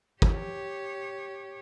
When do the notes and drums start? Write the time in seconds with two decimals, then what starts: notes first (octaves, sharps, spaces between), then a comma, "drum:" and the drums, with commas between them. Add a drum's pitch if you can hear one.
0.22 G4 C#5, drum: kick